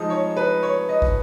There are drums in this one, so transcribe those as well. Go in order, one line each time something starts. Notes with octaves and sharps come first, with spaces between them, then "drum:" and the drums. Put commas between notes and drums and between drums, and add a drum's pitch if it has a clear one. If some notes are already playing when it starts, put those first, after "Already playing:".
Already playing: F3 G#3 D#4 D#5
C#5
B4
C#5
D#5
drum: kick